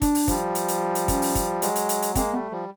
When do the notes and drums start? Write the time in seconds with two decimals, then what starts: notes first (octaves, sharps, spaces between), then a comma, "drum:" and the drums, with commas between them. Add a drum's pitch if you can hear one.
0.02 D4, drum: kick, hi-hat
0.15 drum: open hi-hat
0.28 F3 G3, drum: kick, hi-hat
0.55 drum: hi-hat
0.68 drum: hi-hat
0.95 drum: hi-hat
1.08 C#4, drum: kick, hi-hat
1.22 drum: open hi-hat
1.35 drum: kick, hi-hat
1.62 F#3 G#3, drum: hi-hat
1.76 drum: hi-hat
1.89 drum: hi-hat
2.02 drum: hi-hat
2.15 G#3 A#3 C4, drum: kick, hi-hat
2.34 G3 A3 B3
2.51 F3 G3